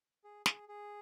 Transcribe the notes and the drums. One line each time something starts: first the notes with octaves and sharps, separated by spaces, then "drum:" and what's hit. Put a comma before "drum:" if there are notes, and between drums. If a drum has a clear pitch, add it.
G#4
G#4, drum: snare
G#4